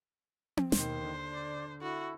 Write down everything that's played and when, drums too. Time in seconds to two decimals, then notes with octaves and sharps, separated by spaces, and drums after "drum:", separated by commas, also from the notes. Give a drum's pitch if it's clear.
0.57 drum: tom C4
0.72 D#2 B2 D#3 C5, drum: snare
1.02 D3
1.32 D5
1.82 E4 F#4 A4